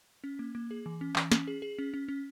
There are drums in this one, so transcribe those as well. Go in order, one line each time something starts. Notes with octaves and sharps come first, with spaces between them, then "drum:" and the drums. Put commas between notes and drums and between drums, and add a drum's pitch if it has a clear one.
C#4
A#3
A#3
G#4
E3
C#4
E3, drum: clap
C#4, drum: snare
G#4
G#4
C#4
C#4
C#4